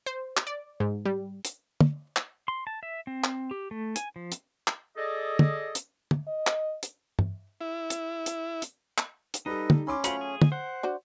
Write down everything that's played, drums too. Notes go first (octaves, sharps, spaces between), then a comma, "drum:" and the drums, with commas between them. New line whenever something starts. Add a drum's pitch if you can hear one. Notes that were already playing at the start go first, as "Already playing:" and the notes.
C5
drum: clap
D5
G#2
G3
drum: hi-hat
drum: tom
drum: clap
C6
A5
E5
C4
drum: clap
G4
A3
G#5, drum: hi-hat
F3
drum: hi-hat
drum: clap
G#4 A4 D5 D#5
drum: tom
drum: hi-hat
drum: tom
D#5
drum: clap
drum: hi-hat
drum: tom
E4
drum: hi-hat
drum: hi-hat
drum: hi-hat
drum: clap
drum: hi-hat
G3 D#4 A4 B4 D#5
drum: tom
C#4 B5 C6 D6
F#3 A3 F4 C5 B5 C#7 F7, drum: hi-hat
G#4
drum: tom
C5 F#5
D4 F#4 C5